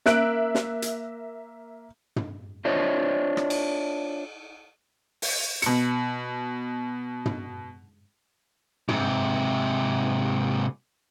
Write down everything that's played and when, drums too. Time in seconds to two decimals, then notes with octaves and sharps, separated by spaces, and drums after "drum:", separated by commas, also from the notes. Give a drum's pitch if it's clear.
0.06 A#3 E5 F#6 D7, drum: snare
0.55 drum: snare
0.82 drum: hi-hat
2.16 drum: tom
2.65 D4 F4 C5 C#5 D#5 E5
3.37 drum: rim click
3.50 drum: cymbal
5.22 drum: open hi-hat
5.62 B2 C#7, drum: hi-hat
7.25 drum: tom
8.89 G#2 C3, drum: tom